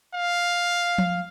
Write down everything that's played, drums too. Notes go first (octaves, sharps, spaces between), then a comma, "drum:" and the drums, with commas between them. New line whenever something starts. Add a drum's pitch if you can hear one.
F5
drum: tom F3